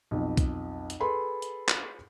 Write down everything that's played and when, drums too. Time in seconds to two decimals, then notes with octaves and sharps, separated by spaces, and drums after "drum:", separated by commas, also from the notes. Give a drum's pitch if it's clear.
0.11 B1 F2
0.37 drum: kick, hi-hat
0.90 drum: hi-hat
1.00 G#4 A4 B4 B5 C6
1.42 drum: hi-hat
1.69 drum: clap